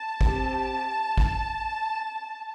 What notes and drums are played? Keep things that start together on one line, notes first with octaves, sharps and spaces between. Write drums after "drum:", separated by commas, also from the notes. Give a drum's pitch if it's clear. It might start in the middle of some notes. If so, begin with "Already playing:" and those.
Already playing: A5
C4 G4, drum: kick G#1
drum: kick G#1